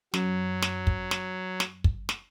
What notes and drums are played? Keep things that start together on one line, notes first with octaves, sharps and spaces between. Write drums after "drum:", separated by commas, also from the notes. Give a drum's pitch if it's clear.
F#2 F#3, drum: snare
drum: snare
drum: kick
drum: snare
drum: snare
drum: kick
drum: snare